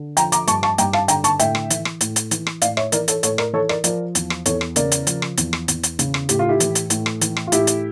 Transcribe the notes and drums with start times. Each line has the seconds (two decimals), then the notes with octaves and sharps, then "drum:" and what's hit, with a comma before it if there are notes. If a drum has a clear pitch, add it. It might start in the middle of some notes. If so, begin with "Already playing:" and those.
Already playing: D3
0.17 F3 G5 A#5, drum: hi-hat
0.32 A#5 D6, drum: hi-hat
0.47 G2 A5 C#6, drum: hi-hat
0.63 A5 C#6, drum: rim click
0.78 G2 G5 A#5, drum: hi-hat
0.93 F5 A5, drum: rim click
1.08 D3 G5 A#5, drum: hi-hat
1.24 A5 C#6, drum: hi-hat
1.39 A2 E5 G5, drum: hi-hat
1.55 drum: rim click
1.70 E3, drum: hi-hat
1.85 drum: rim click
2.01 A2, drum: hi-hat
2.16 drum: hi-hat
2.31 E3, drum: hi-hat
2.47 drum: rim click
2.62 A2 D5 F5, drum: hi-hat
2.77 C#5 E5, drum: rim click
2.92 E3 A#4 D5, drum: hi-hat
3.08 A4 C#5, drum: hi-hat
3.23 A2 A4 C#5, drum: hi-hat
3.38 A#4 D5, drum: rim click
3.53 E3 A4 C#5
3.69 A#4 D5, drum: rim click
3.84 F3 A#4 D5, drum: hi-hat
4.15 E2, drum: hi-hat
4.30 drum: rim click
4.46 E2 A4 C#5, drum: hi-hat
4.61 drum: rim click
4.76 C#3 A#4 D5, drum: hi-hat
4.92 drum: hi-hat
5.07 F3, drum: hi-hat
5.22 drum: rim click
5.37 E2, drum: hi-hat
5.53 drum: rim click
5.68 E2, drum: hi-hat
5.83 drum: hi-hat
5.99 C#3, drum: hi-hat
6.14 drum: rim click
6.29 A2 G4, drum: hi-hat
6.39 F4
6.49 E4 G4
6.60 E3, drum: hi-hat
6.75 drum: hi-hat
6.90 A2, drum: hi-hat
7.06 drum: rim click
7.21 E3, drum: hi-hat
7.36 drum: rim click
7.47 F4
7.52 A2 E4 G4, drum: hi-hat
7.67 drum: hi-hat